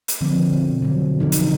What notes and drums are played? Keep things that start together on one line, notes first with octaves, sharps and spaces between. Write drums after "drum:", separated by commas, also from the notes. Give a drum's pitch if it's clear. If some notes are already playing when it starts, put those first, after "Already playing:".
drum: hi-hat
D3 F3 C4
B2
D3 F#3
D3 F3 D#4
drum: hi-hat